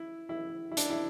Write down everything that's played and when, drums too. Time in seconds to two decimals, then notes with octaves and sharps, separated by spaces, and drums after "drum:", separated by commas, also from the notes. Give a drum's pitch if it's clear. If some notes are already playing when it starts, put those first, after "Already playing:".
Already playing: E4
0.29 E4
0.72 E4
0.77 D4, drum: hi-hat
0.90 E4